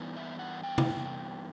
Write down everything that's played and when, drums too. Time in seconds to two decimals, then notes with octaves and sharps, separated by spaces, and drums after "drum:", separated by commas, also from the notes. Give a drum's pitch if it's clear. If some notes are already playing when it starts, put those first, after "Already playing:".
Already playing: G2 E3 B3
0.16 E5
0.39 F#5
0.63 G5
0.78 drum: tom